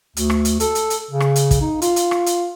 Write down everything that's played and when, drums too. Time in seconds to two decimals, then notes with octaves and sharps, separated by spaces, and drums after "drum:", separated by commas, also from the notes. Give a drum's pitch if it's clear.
0.17 D2, drum: hi-hat
0.30 drum: rim click
0.45 drum: hi-hat
0.60 A4, drum: hi-hat
0.75 drum: hi-hat
0.90 drum: hi-hat
1.11 C#3
1.20 drum: rim click
1.36 drum: hi-hat
1.51 drum: kick, hi-hat
1.61 D#4
1.82 F4, drum: hi-hat
1.96 drum: hi-hat
2.11 drum: rim click
2.26 drum: hi-hat